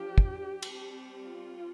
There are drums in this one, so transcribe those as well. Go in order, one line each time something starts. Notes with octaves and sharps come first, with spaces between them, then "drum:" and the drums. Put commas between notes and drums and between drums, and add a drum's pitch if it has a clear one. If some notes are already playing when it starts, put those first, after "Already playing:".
Already playing: F3 D4 G4
drum: kick
G3 C4, drum: cymbal
F4